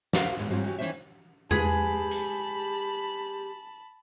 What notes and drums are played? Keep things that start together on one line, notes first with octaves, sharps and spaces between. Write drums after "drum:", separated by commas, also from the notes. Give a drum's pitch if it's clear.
F#4 A#4 C5 E5 F5, drum: snare
E2 A2 G#3
G#2 E3 F#3 G3 C4 F4
E3 C#4 F#4 G4
D#3 E3 A3 C#4 C5 E5
G#3 G4 G#4 B4 A5 B5 B6, drum: tom E2
drum: hi-hat